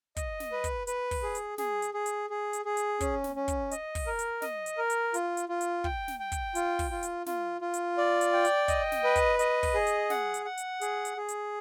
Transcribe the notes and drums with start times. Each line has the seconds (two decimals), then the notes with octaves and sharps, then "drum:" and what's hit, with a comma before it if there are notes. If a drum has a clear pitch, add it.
0.16 D#5, drum: kick, hi-hat
0.40 drum: snare
0.52 B4
0.64 drum: kick, hi-hat
0.87 B4, drum: hi-hat
1.11 drum: kick, open hi-hat
1.23 G#4
1.35 drum: hi-hat
1.58 G#4, drum: snare
1.82 drum: hi-hat
1.94 G#4
2.06 drum: hi-hat
2.30 G#4
2.53 drum: hi-hat
2.65 G#4
2.77 drum: hi-hat
3.00 C#4, drum: kick, hi-hat
3.24 drum: snare
3.36 C#4
3.48 drum: kick, hi-hat
3.71 D#5, drum: hi-hat
3.95 drum: kick, open hi-hat
4.07 A#4
4.19 drum: hi-hat
4.42 D#5, drum: snare
4.66 drum: hi-hat
4.78 A#4
4.90 drum: hi-hat
5.14 F4, drum: hi-hat
5.37 drum: hi-hat
5.49 F4
5.61 drum: hi-hat
5.84 G5, drum: kick
6.08 drum: snare
6.20 G5
6.32 drum: kick, hi-hat
6.55 F4, drum: hi-hat
6.79 drum: kick, open hi-hat
6.91 F4
7.03 drum: hi-hat
7.26 F4, drum: snare
7.61 F4
7.74 drum: hi-hat
7.98 D5
8.21 drum: hi-hat
8.33 G5
8.45 drum: hi-hat
8.68 D#5, drum: kick, hi-hat
8.92 drum: snare
9.04 B4
9.16 drum: kick, hi-hat
9.39 D#5, drum: hi-hat
9.63 drum: kick, open hi-hat
9.74 G#4
9.87 drum: hi-hat
10.10 F#5, drum: snare
10.34 drum: hi-hat
10.45 F#5
10.58 drum: hi-hat
10.81 G#4, drum: hi-hat
11.05 drum: hi-hat
11.17 G#4
11.28 drum: hi-hat